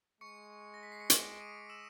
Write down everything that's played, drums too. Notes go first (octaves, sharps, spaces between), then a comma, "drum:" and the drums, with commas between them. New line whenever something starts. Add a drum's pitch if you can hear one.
G#3 C#6 C#7
A#6
B6
C7
C#7
D6 D7, drum: hi-hat
D7
D#6 D#7
E6 E7